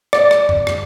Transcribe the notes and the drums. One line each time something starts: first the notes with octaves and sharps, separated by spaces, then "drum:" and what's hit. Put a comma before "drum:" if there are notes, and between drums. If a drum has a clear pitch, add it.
D5, drum: rim click
drum: rim click
drum: tom F#2
drum: rim click